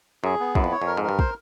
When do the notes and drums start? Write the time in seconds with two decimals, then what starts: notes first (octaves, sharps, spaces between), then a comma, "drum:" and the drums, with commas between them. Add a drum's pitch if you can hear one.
0.24 F#2 G#4
0.40 B3
0.55 F#2 E4, drum: kick
0.64 F2
0.72 C#5
0.82 F2
0.87 A#4
0.97 G#2
1.04 A#4
1.09 G2
1.19 C5, drum: kick